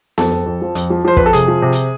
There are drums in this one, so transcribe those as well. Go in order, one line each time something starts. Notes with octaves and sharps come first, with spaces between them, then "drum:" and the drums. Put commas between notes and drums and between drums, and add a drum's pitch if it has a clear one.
F2 A4, drum: snare B3
F2
F2
F3
F2, drum: hi-hat
F3
F3 C5
F2 B4, drum: kick
A4
C3 G#4, drum: hi-hat
F3
C3
drum: hi-hat